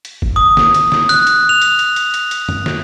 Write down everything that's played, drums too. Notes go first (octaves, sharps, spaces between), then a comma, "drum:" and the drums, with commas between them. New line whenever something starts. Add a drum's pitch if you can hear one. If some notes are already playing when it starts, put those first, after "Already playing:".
drum: hi-hat
drum: kick
D#6
drum: snare
drum: hi-hat
drum: snare
F#6, drum: hi-hat
drum: hi-hat
F7
drum: hi-hat
drum: hi-hat
drum: hi-hat
drum: hi-hat
drum: hi-hat
drum: tom
drum: snare